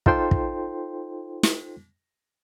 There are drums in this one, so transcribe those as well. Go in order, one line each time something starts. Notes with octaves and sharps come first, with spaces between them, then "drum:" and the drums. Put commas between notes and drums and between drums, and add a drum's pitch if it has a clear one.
D#4 F4 A4 C5 G5 C6, drum: kick
drum: kick
drum: snare